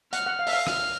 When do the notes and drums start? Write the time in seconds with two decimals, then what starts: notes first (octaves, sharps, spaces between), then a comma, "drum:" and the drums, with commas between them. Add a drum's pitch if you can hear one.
0.13 F#5 F6, drum: hi-hat
0.26 F#5
0.39 F5
0.47 E5, drum: open hi-hat
0.53 F5
0.67 F6, drum: rim click